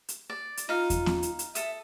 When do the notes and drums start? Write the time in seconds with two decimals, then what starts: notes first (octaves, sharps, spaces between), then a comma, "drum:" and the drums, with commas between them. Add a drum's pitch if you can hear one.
0.09 drum: hi-hat
0.30 D5
0.57 drum: hi-hat
0.69 D#4 F4 F5
0.90 drum: kick E2, hi-hat
1.06 drum: snare B3
1.23 drum: hi-hat
1.39 drum: hi-hat
1.55 A4 E5 D#6, drum: hi-hat